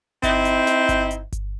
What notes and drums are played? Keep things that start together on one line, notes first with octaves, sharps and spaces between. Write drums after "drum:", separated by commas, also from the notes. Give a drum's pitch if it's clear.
C4 D#4 E4, drum: kick G1, hi-hat
drum: hi-hat
drum: snare
drum: kick G1, hi-hat
drum: hi-hat
drum: kick G1, hi-hat